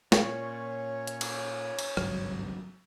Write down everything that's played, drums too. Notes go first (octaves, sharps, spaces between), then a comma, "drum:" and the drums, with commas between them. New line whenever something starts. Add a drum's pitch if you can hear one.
A#2 C#4 C#5 C#6, drum: snare
drum: hi-hat
drum: cymbal
drum: cymbal
G#1 C#2 G2 F#3, drum: rim click